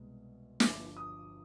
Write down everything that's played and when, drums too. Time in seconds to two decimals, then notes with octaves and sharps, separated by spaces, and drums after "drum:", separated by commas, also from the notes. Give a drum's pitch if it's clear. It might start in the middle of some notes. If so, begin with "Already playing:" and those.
Already playing: C2 B2 G#3
0.60 G1 G2 F3 D6, drum: snare
0.97 D#6